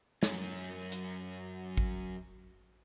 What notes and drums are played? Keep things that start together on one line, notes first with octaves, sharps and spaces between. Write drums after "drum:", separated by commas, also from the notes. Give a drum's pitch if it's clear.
F#2 C#4, drum: snare
drum: hi-hat
drum: kick